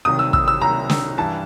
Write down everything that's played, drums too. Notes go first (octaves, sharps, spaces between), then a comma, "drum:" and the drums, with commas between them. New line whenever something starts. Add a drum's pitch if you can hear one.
C2 C3 D#3 F#3 D#6
E6
E6, drum: kick
E6
C2 C3 D#3 F#3 A#5
drum: snare
G2 E3 G3 A5